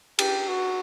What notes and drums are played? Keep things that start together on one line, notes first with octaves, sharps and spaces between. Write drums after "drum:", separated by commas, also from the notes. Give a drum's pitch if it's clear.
G4, drum: cymbal
F#4